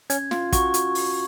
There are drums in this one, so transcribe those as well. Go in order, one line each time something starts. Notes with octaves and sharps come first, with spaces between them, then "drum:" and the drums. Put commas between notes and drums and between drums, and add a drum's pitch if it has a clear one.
C#4 G#6, drum: hi-hat
F4, drum: snare
F#4 C#6, drum: kick, hi-hat
drum: hi-hat
drum: open hi-hat